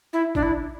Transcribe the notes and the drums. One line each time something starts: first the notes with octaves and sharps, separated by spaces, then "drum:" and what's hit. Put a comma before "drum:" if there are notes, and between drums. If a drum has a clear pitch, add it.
E4
D4, drum: kick G#1
E4